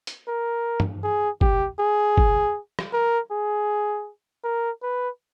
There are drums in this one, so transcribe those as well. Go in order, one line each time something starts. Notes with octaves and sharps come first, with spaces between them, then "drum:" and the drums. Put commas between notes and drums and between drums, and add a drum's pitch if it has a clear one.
drum: hi-hat
A#4
drum: tom G2
G#4
G4, drum: kick G1
G#4
drum: kick G1
drum: rim click
A#4
G#4
A#4
B4